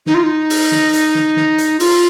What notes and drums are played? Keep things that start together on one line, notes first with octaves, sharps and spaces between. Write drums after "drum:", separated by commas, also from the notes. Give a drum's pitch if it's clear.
D#4, drum: snare
F4
D#4
drum: open hi-hat
drum: snare
drum: hi-hat
drum: snare
drum: snare
drum: hi-hat
F4, drum: open hi-hat